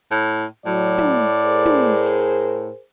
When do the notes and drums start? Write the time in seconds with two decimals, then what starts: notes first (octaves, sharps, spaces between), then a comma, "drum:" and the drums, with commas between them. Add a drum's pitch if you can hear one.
0.11 A2, drum: hi-hat
0.66 A2 F#3 D5
0.98 drum: tom
1.44 G#4 A#4 C5
1.66 drum: tom
2.06 drum: hi-hat